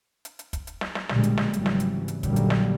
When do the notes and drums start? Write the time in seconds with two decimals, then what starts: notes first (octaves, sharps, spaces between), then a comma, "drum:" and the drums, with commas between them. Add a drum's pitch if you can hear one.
0.25 drum: hi-hat
0.39 drum: hi-hat
0.53 drum: kick, hi-hat
0.67 drum: hi-hat
0.81 drum: snare
0.95 drum: snare
1.09 A#1 B2 D3 G3 G#3, drum: snare
1.23 drum: hi-hat
1.38 drum: snare
1.53 G#1 C#3 E3 F#3 G3, drum: hi-hat
1.66 drum: snare
1.80 drum: hi-hat
2.08 drum: hi-hat
2.23 A#1 F#2 D3 F#3 G3 A#3, drum: kick, hi-hat
2.36 drum: hi-hat
2.50 drum: snare